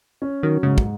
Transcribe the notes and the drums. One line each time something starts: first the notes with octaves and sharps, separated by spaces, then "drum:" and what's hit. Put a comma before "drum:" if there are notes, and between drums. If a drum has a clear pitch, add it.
C#4
D#3 F#3
G#2 C#3
drum: kick